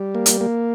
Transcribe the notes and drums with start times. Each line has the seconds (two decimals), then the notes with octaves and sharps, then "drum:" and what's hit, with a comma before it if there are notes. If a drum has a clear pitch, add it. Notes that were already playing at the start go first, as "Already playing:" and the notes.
Already playing: G3
0.15 A#3
0.26 drum: hi-hat
0.41 A#3